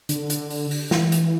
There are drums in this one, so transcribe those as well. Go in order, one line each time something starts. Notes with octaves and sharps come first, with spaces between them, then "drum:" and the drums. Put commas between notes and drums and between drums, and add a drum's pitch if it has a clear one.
D3, drum: hi-hat
drum: hi-hat
drum: open hi-hat
drum: open hi-hat
E3, drum: snare
drum: hi-hat